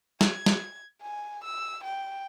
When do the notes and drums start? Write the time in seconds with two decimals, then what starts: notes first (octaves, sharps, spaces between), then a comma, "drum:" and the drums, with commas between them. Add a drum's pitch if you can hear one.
0.21 G#6, drum: snare
0.46 drum: snare
1.01 G#5
1.44 E6
1.84 G5